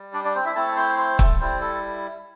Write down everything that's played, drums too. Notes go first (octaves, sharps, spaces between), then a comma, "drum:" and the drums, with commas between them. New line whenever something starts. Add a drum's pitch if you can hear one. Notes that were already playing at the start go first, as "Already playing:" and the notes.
Already playing: G3
D4 D5
D4 D5
C4 C5
E4 E5
A3 C4 E4 A4 A5
A5
C5 C6
C5 C6
A4, drum: kick
G3 C4 E4 C5
A4